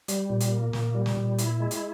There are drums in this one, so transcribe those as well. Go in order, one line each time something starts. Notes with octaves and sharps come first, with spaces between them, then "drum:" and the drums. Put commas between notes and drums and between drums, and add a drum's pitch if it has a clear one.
G3, drum: hi-hat
A#2
drum: hi-hat
A#3
A#2, drum: snare
G3
drum: snare
A#2
E4, drum: hi-hat
G#3
drum: hi-hat